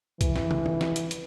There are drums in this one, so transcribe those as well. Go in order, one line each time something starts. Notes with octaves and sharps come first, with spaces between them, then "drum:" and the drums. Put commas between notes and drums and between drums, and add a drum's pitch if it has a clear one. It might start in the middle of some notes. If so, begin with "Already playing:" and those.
E3, drum: kick B1, hi-hat
drum: snare
drum: tom
drum: tom D#3
drum: snare
drum: hi-hat
drum: hi-hat